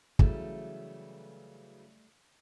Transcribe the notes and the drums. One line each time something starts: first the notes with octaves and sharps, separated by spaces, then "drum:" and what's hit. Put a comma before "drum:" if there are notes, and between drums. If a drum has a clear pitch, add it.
C#3 E3 F#3 G3 A3, drum: kick